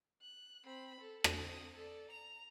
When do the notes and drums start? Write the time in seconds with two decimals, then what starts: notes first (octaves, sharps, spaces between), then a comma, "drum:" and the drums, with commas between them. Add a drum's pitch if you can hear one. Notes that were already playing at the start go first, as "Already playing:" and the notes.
0.22 F#6
0.65 C4 B5
1.01 A4
1.24 drum: rim click
1.35 C4 D#6
1.75 A4 D5
2.11 A#5 F7